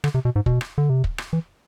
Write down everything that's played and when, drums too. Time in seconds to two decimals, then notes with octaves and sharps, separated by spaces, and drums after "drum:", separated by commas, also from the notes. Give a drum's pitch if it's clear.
0.04 D3, drum: rim click
0.14 C3
0.25 B2
0.36 G#2
0.46 B2, drum: kick
0.61 drum: rim click
0.78 D3
0.89 C3
1.04 drum: kick
1.18 drum: rim click
1.33 E3